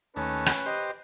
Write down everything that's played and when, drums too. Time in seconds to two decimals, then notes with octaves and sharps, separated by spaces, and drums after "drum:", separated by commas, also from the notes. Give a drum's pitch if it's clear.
0.16 D#2 A3 C#4 B4
0.46 drum: rim click
0.66 G4 C5 D#5